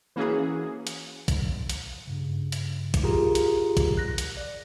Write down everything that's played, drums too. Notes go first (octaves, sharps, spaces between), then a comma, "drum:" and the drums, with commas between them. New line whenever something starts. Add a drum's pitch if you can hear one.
E3 A#3 C#4 F#4 G#4
drum: hi-hat
drum: kick, hi-hat
drum: hi-hat
G2 C#3
drum: hi-hat
drum: kick, hi-hat
F4 G4 G#4 A#4 A#5
drum: hi-hat
drum: kick, hi-hat
F#6 A#6
drum: hi-hat
D5